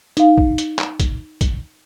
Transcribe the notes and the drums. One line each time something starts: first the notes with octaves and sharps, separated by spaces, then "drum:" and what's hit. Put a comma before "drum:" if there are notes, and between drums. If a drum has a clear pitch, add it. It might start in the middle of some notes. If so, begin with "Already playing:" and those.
D#4 F5, drum: hi-hat
drum: kick
drum: hi-hat
drum: clap
drum: kick, hi-hat
drum: kick, hi-hat